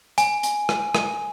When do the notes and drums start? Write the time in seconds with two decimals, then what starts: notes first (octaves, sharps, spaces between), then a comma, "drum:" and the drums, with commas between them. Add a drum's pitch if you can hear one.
0.18 G#5, drum: hi-hat
0.43 drum: hi-hat
0.69 drum: rim click
0.95 drum: rim click